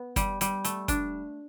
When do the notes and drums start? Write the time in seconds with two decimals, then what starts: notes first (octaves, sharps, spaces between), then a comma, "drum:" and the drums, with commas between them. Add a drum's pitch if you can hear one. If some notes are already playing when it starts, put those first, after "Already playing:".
Already playing: B3
0.16 G3, drum: kick, hi-hat
0.41 G3, drum: hi-hat
0.65 A3, drum: hi-hat
0.88 D4, drum: kick, hi-hat